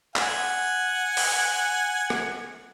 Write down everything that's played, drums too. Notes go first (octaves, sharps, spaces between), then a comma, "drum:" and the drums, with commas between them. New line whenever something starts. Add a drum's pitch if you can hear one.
F#5 G#5, drum: clap
drum: open hi-hat
drum: rim click